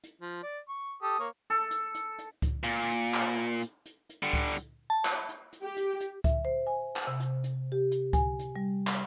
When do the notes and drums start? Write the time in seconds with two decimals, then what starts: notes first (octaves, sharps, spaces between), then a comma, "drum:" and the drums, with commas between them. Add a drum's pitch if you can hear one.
0.04 drum: hi-hat
0.21 F3
0.43 D5
0.69 C#6
1.03 G4 A4 D#6
1.20 A#3 C#5
1.50 A4
1.71 drum: hi-hat
1.95 drum: hi-hat
2.18 drum: hi-hat
2.42 drum: kick C#2, hi-hat
2.64 A#2, drum: hi-hat
2.90 drum: hi-hat
3.14 drum: clap
3.38 drum: hi-hat
3.62 drum: hi-hat
3.86 drum: hi-hat
4.09 drum: hi-hat
4.23 D3 G3
4.33 drum: kick C#2
4.57 drum: hi-hat
4.90 A5
5.05 drum: clap
5.29 drum: hi-hat
5.53 drum: hi-hat
5.63 G4
5.77 drum: hi-hat
6.00 drum: hi-hat
6.24 E5, drum: kick C#2, hi-hat
6.45 C5
6.67 G#5
6.96 drum: clap
7.07 C3
7.20 drum: hi-hat
7.44 drum: hi-hat
7.72 G4
7.91 drum: hi-hat
8.13 G#5, drum: kick C#2, hi-hat
8.39 drum: hi-hat
8.56 G3
8.87 drum: clap